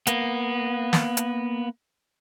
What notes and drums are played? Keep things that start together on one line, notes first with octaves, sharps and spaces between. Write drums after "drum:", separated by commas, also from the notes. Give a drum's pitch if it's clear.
A#3 B3, drum: hi-hat
drum: snare
drum: hi-hat